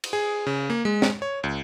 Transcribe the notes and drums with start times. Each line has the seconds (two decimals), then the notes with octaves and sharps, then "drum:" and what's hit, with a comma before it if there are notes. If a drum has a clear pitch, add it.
0.04 drum: cymbal
0.13 G#4
0.47 C#3
0.70 A#3
0.85 G#3
1.02 drum: snare
1.22 C#5
1.44 C#2